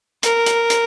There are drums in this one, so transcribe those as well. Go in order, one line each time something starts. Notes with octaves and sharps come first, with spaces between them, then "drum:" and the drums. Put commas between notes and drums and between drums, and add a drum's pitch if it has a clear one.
A#4, drum: hi-hat
drum: hi-hat
drum: hi-hat